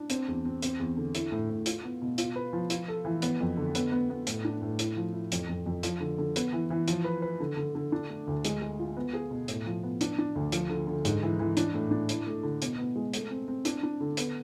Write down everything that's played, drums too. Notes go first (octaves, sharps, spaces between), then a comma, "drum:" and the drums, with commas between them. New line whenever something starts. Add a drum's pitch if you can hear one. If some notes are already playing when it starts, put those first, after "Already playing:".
Already playing: D4
C4, drum: hi-hat
E2
C4
C4, drum: hi-hat
E2
D3
E4, drum: hi-hat
A2
A2
F4, drum: hi-hat
B3
B2
F4, drum: hi-hat
B4
F3
F4, drum: hi-hat
A4
E3
B3, drum: hi-hat
F2
D3
B3, drum: hi-hat
B3
B3
A2, drum: hi-hat
D4
A2
E4, drum: hi-hat
F3
E4
F2, drum: hi-hat
F2
F2
F3, drum: hi-hat
D3
D3
B3, drum: hi-hat
E3
E3
F3, drum: hi-hat
B4
B4
D3
D3
D3
D4
A3
D2
G#3, drum: hi-hat
G#3
F4
B3
G#4
B2
A2, drum: hi-hat
F3
B3
D4, drum: hi-hat
D4
D2
F3, drum: hi-hat
D3
D3
G#2, drum: hi-hat
E3
E3
D4, drum: hi-hat
A2
D4
E4, drum: hi-hat
A3
D3
B2, drum: hi-hat
B3
G#3
A3, drum: hi-hat
C4
C4
D4, drum: hi-hat
D4
D3
B3, drum: hi-hat